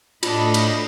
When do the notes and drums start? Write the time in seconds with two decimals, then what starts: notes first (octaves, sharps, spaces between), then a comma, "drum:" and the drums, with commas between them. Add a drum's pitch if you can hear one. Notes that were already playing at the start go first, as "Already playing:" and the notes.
0.23 A2 D4 F4 A4 D#5 B5, drum: cymbal
0.54 drum: cymbal